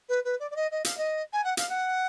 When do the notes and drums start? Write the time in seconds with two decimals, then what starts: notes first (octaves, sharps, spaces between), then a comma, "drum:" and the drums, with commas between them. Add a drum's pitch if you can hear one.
0.09 B4
0.24 B4
0.39 D5
0.51 D5
0.56 D#5
0.71 D#5
0.85 F5, drum: hi-hat
0.97 D#5
1.33 G#5
1.44 F#5
1.57 F5, drum: hi-hat
1.69 F#5